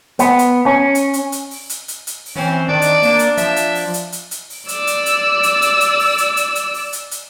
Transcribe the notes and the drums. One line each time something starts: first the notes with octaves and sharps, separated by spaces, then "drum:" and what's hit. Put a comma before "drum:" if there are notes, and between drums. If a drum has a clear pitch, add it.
B3, drum: hi-hat
drum: hi-hat
C#4
drum: hi-hat
drum: hi-hat
drum: hi-hat
drum: open hi-hat
drum: hi-hat
drum: hi-hat
drum: hi-hat
drum: open hi-hat
E3 C4 C#4
D#3 D4 D5
drum: hi-hat
A#3 D4, drum: open hi-hat
drum: hi-hat
F3 E5, drum: hi-hat
drum: hi-hat
drum: open hi-hat
drum: hi-hat
drum: hi-hat
drum: hi-hat
drum: open hi-hat
D5 E6, drum: hi-hat
drum: hi-hat
drum: hi-hat
drum: hi-hat
drum: hi-hat
drum: hi-hat
drum: open hi-hat
drum: hi-hat
drum: hi-hat
drum: hi-hat
drum: open hi-hat
drum: hi-hat
drum: hi-hat